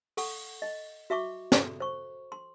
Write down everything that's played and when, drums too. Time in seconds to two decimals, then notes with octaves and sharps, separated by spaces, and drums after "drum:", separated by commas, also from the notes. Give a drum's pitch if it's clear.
0.17 A4 F#5 C#6, drum: open hi-hat
0.62 D#5
1.10 F#4 E5 C#6 D6
1.52 A4, drum: snare
1.80 C5 C#6
2.32 C6